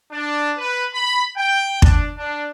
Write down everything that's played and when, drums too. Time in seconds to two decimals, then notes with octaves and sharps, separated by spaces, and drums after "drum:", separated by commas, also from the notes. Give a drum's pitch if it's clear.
0.12 D4
0.58 B4
0.94 B5
1.37 G5
1.82 D4, drum: kick
2.18 D4